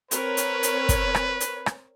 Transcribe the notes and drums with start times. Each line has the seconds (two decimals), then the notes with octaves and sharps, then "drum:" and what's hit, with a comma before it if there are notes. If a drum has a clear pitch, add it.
0.11 C4 A#4 B4 C#5, drum: hi-hat
0.37 drum: hi-hat
0.63 drum: hi-hat
0.89 drum: kick, hi-hat
1.15 drum: rim click
1.40 drum: hi-hat
1.66 drum: rim click